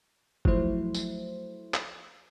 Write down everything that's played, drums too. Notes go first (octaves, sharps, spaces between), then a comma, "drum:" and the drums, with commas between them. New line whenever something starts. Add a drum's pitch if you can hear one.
F3 F#3 A3 E4 C5, drum: kick
drum: tambourine
drum: clap